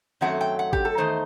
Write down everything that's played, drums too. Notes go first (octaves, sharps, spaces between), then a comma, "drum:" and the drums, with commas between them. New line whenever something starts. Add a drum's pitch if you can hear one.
F#2 D#3 F#3 A3 C4 F#5
G5
F#5
G4, drum: kick G#1
A4
E2 D#3 A3 D#4 C5